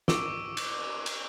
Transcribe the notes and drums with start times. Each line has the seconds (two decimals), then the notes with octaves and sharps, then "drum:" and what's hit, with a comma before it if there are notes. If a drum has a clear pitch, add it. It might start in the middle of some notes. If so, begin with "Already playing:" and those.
0.08 C#6 D6 E6 D7 G7, drum: snare
0.57 drum: cymbal
1.06 drum: cymbal